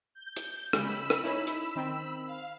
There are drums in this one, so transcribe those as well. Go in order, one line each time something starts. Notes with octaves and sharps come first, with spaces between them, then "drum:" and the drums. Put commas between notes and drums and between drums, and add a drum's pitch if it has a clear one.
G6
drum: hi-hat
C#3 G#3 G4 B5 E6, drum: rim click
drum: rim click
C#4 D#4 E4
drum: hi-hat
D#3 C4
F5